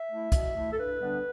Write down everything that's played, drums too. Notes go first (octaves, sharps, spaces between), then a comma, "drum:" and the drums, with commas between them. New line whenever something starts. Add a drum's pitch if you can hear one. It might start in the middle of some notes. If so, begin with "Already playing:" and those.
Already playing: E5
A3 E4
B2, drum: kick, hi-hat
A3 E4
A4
G2 B4
D3 G3 B3 D4